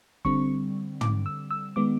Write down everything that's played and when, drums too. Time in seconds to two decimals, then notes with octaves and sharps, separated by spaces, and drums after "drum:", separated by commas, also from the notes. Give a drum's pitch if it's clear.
0.25 D3 G3 C4 C#6, drum: kick
1.01 D6, drum: tom
1.26 E6
1.51 E6
1.76 D#3 G#3 B3 D6